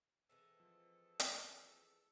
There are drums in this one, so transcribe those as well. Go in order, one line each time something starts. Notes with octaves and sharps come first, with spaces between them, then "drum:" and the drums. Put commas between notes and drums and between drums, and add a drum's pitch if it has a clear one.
E3 G#3 C4 A4
F3
drum: hi-hat